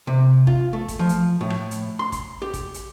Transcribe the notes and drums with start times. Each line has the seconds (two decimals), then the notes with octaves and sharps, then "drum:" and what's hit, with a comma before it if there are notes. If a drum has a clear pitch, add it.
0.07 C3
0.47 F4, drum: kick
0.73 A3
0.88 drum: kick, hi-hat
0.99 F3
1.09 drum: hi-hat
1.41 A2
1.50 drum: rim click
1.71 drum: hi-hat
1.99 C6
2.12 drum: kick, hi-hat
2.42 G4
2.54 drum: kick, hi-hat
2.74 drum: hi-hat